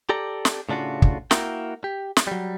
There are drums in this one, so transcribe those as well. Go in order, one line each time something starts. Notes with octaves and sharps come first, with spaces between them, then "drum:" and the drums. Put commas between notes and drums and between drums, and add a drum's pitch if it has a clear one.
G4 A4 D5 A#5
drum: snare
A2 C#3 D4 F4 F#4
drum: kick
A#3 E4 F#4 A#4 G5, drum: snare
G4
drum: snare
F#3 G3